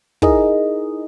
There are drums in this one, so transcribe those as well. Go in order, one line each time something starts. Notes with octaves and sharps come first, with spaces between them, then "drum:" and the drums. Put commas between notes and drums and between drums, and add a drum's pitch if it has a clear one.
D#4 E4 G#4 A#4 D#5, drum: kick